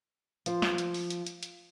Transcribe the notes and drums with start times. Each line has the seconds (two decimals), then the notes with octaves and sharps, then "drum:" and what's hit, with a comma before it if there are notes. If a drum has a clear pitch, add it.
0.46 F3 C5, drum: hi-hat
0.62 drum: snare
0.78 drum: hi-hat
0.94 drum: open hi-hat
1.10 drum: hi-hat
1.27 drum: hi-hat
1.43 drum: hi-hat